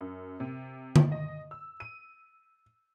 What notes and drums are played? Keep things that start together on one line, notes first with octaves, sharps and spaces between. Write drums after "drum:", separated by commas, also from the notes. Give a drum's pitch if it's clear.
F#2
C3
drum: tom D3
D#5
E6
D#7